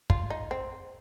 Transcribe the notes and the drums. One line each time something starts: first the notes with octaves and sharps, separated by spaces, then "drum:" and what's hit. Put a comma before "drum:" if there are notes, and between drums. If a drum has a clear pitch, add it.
F4, drum: kick
D#4
C4